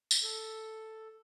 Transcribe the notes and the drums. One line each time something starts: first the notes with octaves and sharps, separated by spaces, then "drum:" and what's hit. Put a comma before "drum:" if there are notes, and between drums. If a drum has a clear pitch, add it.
drum: tambourine
A4